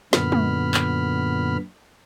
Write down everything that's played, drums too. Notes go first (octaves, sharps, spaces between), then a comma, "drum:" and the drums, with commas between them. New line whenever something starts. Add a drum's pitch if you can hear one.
F#2 A#2 D3 B3 B5 F6, drum: snare
drum: tom G#3
drum: clap